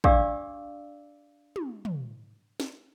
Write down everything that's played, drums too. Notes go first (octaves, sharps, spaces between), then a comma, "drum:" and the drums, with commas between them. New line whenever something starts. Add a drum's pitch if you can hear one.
D4 G4 D5 F5 D6 E6, drum: kick
drum: tom
drum: tom
drum: snare